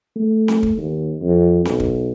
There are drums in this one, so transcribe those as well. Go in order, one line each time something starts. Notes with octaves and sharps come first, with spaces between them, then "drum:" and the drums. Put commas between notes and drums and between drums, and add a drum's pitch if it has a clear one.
A3
drum: snare C4
drum: kick
D#2
F2
B1, drum: snare C4
drum: kick